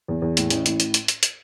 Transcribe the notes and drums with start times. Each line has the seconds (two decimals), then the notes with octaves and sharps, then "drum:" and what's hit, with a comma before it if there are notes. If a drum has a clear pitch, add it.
0.08 E2
0.22 E2
0.37 A2, drum: hi-hat
0.50 A1, drum: hi-hat
0.66 A2, drum: hi-hat
0.80 drum: hi-hat
0.94 drum: hi-hat
1.08 drum: hi-hat
1.23 drum: hi-hat